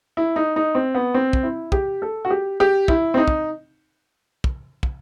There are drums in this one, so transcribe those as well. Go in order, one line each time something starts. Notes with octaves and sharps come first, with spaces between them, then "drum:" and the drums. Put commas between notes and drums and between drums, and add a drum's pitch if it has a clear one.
E4
D#4
D#4
C4
B3
C4
drum: kick
E4
G4, drum: kick
A4
F#4
G4
G4
E4, drum: kick
C4
D#4
drum: kick
drum: kick
drum: kick